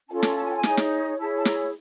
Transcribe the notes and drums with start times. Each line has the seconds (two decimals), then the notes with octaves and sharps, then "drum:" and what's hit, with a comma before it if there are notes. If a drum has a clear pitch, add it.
0.09 C#4 F4 A4 A5
0.23 drum: snare
0.36 A5
0.44 G#5
0.50 G5
0.57 G#5
0.63 D#4 G#4 C#5, drum: snare
0.77 drum: snare
1.18 E4 G#4 C#5 A5
1.36 A5
1.45 A#5, drum: snare